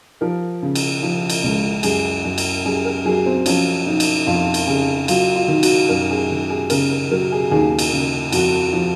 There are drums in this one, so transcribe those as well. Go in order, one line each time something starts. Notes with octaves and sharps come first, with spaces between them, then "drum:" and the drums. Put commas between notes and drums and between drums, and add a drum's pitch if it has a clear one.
F3 A#4
C#3
drum: cymbal
F3
drum: cymbal
C#2
F#2 G#4, drum: cymbal
F#2
drum: cymbal
F#2 G#4
A#4
F#3 G#4
C4
F3 C#4, drum: cymbal
F3 D#4
drum: cymbal
F2 F4
drum: cymbal
C#3 G#4
F#3 F4, drum: cymbal
F4
D#3
F#4, drum: cymbal
F#2 A#4
G#4
D#3
G#4
C#3 A#4, drum: cymbal
A#4
F#3 A#4
G#4
D#2 G#4
drum: cymbal
C#3
F2 F#4, drum: cymbal
F3